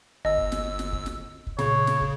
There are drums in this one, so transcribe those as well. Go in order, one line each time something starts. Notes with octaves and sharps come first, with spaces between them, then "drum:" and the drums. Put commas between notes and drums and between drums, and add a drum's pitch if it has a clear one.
G1 D#5 E6
drum: kick
drum: snare
drum: snare
drum: kick
drum: snare
drum: kick
A#2 C#3 C#5, drum: snare
drum: snare
drum: kick